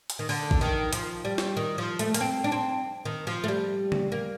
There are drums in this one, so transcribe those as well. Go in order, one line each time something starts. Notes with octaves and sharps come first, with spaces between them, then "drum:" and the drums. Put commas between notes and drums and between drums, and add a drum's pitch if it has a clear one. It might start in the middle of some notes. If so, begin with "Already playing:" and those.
drum: hi-hat
D#3
D3, drum: open hi-hat
drum: kick A1
D#3
F3, drum: hi-hat
G3
drum: snare
D#3
F3
A3, drum: hi-hat
A#3, drum: hi-hat
C4
D4
C4
D#3
F3
A3
G3
drum: tom C#3
A#3